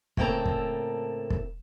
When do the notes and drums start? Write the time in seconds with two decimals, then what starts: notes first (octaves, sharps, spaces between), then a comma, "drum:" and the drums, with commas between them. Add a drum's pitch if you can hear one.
0.17 A2 C#3 A#3 C4 A4 A#5, drum: kick
0.46 drum: kick
1.30 drum: kick